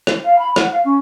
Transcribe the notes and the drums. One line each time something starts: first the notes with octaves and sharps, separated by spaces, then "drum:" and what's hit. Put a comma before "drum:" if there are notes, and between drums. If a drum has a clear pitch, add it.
drum: rim click
F5
B5
F#5, drum: rim click
F5
C#4